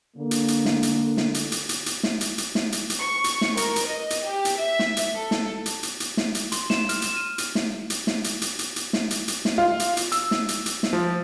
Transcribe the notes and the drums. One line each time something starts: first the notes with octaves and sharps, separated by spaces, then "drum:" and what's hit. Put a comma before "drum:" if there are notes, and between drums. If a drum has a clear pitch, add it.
D3 A#3
drum: hi-hat
drum: hi-hat
drum: snare
drum: hi-hat
drum: snare
drum: hi-hat
drum: hi-hat
drum: hi-hat
drum: hi-hat
drum: snare
drum: hi-hat
drum: hi-hat
drum: snare
drum: hi-hat
drum: hi-hat
C#6
drum: hi-hat
drum: snare
A#4, drum: hi-hat
drum: hi-hat
D#5
drum: hi-hat
G4
drum: hi-hat
E5
drum: snare
drum: hi-hat
A4
drum: snare
drum: hi-hat
drum: hi-hat
drum: hi-hat
drum: snare
drum: hi-hat
C6, drum: hi-hat
E7, drum: snare
F6, drum: hi-hat
E7, drum: hi-hat
D#7
drum: hi-hat
drum: snare
drum: hi-hat
drum: snare
drum: hi-hat
drum: hi-hat
drum: hi-hat
drum: hi-hat
drum: snare
drum: hi-hat
drum: hi-hat
drum: snare
F4
drum: hi-hat
drum: hi-hat
E6, drum: hi-hat
drum: snare
drum: hi-hat
drum: hi-hat
drum: snare
F3